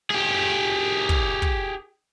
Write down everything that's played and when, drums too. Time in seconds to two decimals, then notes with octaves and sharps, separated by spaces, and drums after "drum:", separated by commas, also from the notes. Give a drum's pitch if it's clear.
0.10 G4 G#4
1.09 drum: kick
1.42 drum: kick